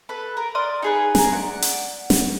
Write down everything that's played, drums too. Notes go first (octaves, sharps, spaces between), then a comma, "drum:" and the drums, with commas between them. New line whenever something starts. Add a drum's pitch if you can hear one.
A4 B4
A#4
D5 C6 D#6 F6
D#4 G#4 B4
G#4 A#4 A#5, drum: snare
D5 F#5
drum: hi-hat
drum: snare